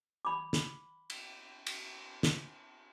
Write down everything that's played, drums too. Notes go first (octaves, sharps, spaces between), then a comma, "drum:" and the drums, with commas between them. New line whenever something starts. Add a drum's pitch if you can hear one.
B5 D6
drum: snare
drum: cymbal
drum: cymbal
drum: snare